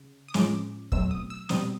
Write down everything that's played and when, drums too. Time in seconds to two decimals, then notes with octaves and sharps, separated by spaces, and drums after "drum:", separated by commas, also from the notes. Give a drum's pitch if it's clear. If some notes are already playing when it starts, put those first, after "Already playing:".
Already playing: C#3
0.28 D#6
0.34 A2 F3 G#3 C#4 D6, drum: snare
0.92 B2 F#3 A3 C4 E6, drum: kick
1.11 D#6
1.30 E6
1.49 B2 G3 C4 D#6, drum: snare